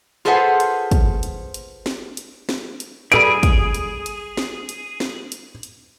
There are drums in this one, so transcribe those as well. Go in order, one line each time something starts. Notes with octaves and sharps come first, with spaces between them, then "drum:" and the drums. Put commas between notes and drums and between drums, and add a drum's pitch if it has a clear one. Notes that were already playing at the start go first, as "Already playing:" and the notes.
F4 G#4 A4 B4 C5 F#5
drum: hi-hat
drum: kick, hi-hat
drum: hi-hat
drum: hi-hat
drum: snare
drum: hi-hat
drum: snare
drum: hi-hat
G3 G#4 A4 B4 D7, drum: hi-hat
drum: kick, hi-hat
drum: hi-hat
drum: hi-hat
drum: snare
drum: hi-hat
drum: snare
drum: hi-hat
drum: hi-hat